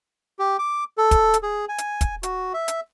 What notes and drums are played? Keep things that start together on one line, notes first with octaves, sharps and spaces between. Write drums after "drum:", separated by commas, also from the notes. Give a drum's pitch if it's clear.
G4
D6
A4
drum: kick, hi-hat
drum: hi-hat
G#4
G#5
drum: hi-hat
drum: kick, hi-hat
F#4, drum: hi-hat
E5
drum: hi-hat